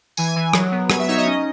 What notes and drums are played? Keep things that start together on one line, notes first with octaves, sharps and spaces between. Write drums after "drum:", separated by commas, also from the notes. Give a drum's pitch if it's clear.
E3 G#5, drum: tambourine
E3
F#3, drum: rim click
B3
F#3 G#5, drum: rim click
E5
D#4 C#5
D#5
C#4